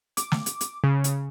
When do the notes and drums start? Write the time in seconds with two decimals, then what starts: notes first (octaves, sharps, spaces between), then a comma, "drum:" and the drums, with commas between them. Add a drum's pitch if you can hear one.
0.17 D6, drum: hi-hat
0.32 drum: snare
0.46 drum: hi-hat
0.61 drum: hi-hat
0.84 C#3
1.04 drum: hi-hat